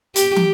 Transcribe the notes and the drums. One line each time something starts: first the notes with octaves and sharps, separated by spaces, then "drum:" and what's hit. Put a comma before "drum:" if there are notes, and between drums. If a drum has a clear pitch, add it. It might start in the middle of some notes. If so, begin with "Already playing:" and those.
G4, drum: hi-hat
drum: tom